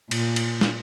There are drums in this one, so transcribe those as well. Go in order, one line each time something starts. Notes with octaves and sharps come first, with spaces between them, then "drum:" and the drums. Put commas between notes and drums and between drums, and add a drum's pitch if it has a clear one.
A#2, drum: cymbal
drum: cymbal
drum: snare